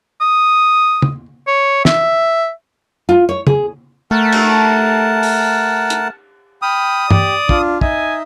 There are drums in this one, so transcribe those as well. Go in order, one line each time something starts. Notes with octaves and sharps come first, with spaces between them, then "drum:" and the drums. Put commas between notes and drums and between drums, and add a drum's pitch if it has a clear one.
D#6
drum: tom
C#5
E5, drum: snare
F4
C#5
G#4, drum: tom
A3 A#4 F#5 A5
drum: cymbal
drum: open hi-hat
drum: hi-hat
G5 B5 D#6 F6
G4 D5, drum: tom G2
D4 F4, drum: kick
D#4 D#5 E5 G#5, drum: kick